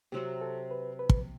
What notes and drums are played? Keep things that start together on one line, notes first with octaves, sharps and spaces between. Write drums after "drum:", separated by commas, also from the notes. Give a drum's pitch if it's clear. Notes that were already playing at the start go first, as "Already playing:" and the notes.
C3 F#3 C4 F#4 G4
A4
B4
B4
drum: kick